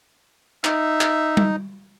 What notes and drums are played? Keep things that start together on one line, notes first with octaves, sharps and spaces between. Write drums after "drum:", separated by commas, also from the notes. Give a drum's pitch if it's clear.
D#4 E5, drum: clap
drum: clap
drum: tom G3